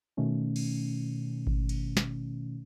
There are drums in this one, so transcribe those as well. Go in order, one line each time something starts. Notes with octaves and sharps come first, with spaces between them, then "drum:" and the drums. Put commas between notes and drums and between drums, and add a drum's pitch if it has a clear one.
B2 D#3 A3 C#4
drum: cymbal
drum: kick G#1
drum: cymbal
drum: snare